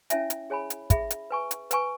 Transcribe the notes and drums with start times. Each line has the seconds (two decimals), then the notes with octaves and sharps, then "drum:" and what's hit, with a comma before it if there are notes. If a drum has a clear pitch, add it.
0.10 C#4 E4 C#5 E5 G#5, drum: hi-hat
0.30 drum: hi-hat
0.50 G#4 C#5 G#5 B5
0.70 drum: hi-hat
0.90 G#4 E5 B5, drum: kick, hi-hat
1.10 drum: hi-hat
1.31 B4 G#5 C#6
1.51 drum: hi-hat
1.71 B4 G#5 C#6, drum: hi-hat